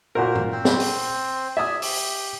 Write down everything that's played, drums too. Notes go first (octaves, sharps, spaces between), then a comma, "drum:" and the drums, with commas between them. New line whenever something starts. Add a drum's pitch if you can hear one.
A#2 F#4 A#4 C5
drum: tom G2
C4 C5
drum: snare
drum: open hi-hat
D5 E5 G#5 D#6
G4, drum: open hi-hat